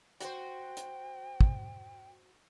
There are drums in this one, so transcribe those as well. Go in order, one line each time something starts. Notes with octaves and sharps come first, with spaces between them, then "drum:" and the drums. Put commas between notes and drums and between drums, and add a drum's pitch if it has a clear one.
F#4 C5 G5, drum: hi-hat
drum: hi-hat
drum: kick